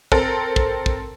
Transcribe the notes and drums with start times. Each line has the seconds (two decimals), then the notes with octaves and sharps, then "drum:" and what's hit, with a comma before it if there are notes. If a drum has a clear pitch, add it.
0.12 C4 A4 A#4, drum: kick
0.56 drum: kick
0.86 drum: kick